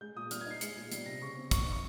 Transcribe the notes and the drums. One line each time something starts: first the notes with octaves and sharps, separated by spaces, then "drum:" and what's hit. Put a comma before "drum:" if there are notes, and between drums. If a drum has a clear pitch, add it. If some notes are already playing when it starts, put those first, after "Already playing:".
G#3 G6
A#2 D#6
G3 F6, drum: hi-hat
G#6
D#4 C7
G#3 C#7, drum: hi-hat
A#2
G3 C7, drum: hi-hat
C3 A#6
C#3 C#6
C4
G3 C#6, drum: kick, hi-hat
D#4
C#6